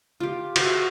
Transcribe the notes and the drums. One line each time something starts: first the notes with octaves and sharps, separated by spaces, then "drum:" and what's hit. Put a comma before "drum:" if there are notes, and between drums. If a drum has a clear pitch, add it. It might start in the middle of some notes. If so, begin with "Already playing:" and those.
F4 G4
F#4 C5 E5, drum: cymbal